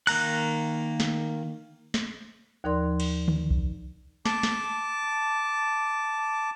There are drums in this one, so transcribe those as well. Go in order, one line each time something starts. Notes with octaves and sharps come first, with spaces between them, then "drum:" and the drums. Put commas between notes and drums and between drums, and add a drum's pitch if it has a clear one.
D#3 A#3 A#5 F#6, drum: cymbal
drum: snare
drum: snare
D#2 F3 D#4 A#4 D5 C6
drum: cymbal
drum: tom D3
drum: kick C2
A5 D6, drum: snare
drum: snare